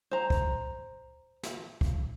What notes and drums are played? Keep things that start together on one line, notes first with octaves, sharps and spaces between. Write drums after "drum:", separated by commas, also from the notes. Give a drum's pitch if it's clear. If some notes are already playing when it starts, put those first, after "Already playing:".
C5 A#5
drum: kick
drum: snare
drum: kick